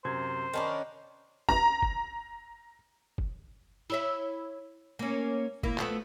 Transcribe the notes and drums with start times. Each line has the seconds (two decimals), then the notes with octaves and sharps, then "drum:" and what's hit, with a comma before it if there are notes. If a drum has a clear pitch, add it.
0.05 F#2 C3 C5 G#6
0.54 D#3 C#4 D4 A#4 A5 B5
1.49 A#5, drum: kick
1.82 drum: kick
3.18 drum: kick
3.90 E4 C#5 E5, drum: open hi-hat
4.99 A#3 C#4
5.63 A#3 E4, drum: kick
5.78 F3 A3 B3, drum: clap